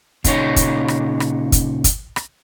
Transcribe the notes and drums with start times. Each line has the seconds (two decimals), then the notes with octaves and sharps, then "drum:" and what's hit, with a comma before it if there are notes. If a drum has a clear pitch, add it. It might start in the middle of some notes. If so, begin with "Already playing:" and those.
0.24 A#2 C#3 D#4 C#5, drum: kick, hi-hat
0.56 drum: kick, hi-hat
0.88 drum: rim click
1.20 drum: rim click
1.52 drum: kick, hi-hat
1.84 drum: kick, hi-hat
2.16 drum: rim click